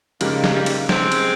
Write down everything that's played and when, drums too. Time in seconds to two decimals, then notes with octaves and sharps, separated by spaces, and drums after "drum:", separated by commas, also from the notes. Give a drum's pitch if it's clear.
0.21 C#3 G3 G#3 A#3 D#4 G4, drum: cymbal
0.44 drum: snare
0.55 G3 A#3
0.66 drum: cymbal
0.89 G#3 C4, drum: snare
1.12 drum: cymbal